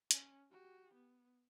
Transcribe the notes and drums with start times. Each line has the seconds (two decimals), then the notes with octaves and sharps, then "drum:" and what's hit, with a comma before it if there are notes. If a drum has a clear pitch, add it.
0.11 C#4, drum: hi-hat
0.52 F#4 G4
0.94 B3